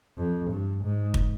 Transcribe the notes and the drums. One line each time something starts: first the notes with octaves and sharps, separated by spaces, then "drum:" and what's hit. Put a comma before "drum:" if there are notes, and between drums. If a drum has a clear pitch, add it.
F2
G2
G#2
drum: kick